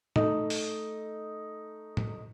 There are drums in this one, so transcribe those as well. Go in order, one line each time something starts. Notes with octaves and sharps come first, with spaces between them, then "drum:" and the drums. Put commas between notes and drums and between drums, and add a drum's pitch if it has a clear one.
A3 D#4, drum: tom A2
drum: open hi-hat
drum: tom A2